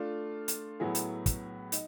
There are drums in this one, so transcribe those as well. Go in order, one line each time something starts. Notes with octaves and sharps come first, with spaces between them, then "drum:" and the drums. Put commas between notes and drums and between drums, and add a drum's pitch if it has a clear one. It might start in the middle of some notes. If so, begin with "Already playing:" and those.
Already playing: A3 D4 F4
drum: hi-hat
A2 F#3 B3 E4 G#4
drum: hi-hat
drum: kick, hi-hat
D#4, drum: hi-hat